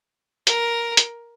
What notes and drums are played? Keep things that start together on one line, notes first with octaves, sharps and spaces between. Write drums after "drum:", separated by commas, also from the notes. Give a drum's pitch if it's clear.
A#4, drum: hi-hat
drum: hi-hat